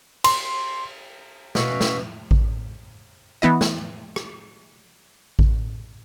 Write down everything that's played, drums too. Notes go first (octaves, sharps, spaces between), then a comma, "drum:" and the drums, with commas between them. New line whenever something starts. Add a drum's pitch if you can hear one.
C6, drum: cymbal
B2 C#4 F#4 E5 F5, drum: snare
drum: snare
drum: kick A1
E3 B3 E4 D#5
drum: snare
drum: rim click
drum: kick A1